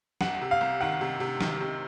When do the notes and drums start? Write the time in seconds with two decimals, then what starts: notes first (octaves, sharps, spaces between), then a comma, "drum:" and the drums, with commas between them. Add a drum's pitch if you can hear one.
0.21 C2 F#5, drum: snare
0.41 C3
0.51 F5
0.61 C2
0.81 D#3 F#5
1.01 C3
1.20 C3
1.41 D#3, drum: snare
1.61 C3